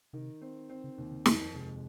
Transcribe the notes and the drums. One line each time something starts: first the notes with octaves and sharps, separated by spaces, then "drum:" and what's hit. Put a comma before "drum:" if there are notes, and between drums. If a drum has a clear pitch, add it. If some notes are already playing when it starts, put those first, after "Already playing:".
C3 D#3
C4
C4
C#3
D#2 C3
C#3
F2 C#3, drum: snare
C3 G#3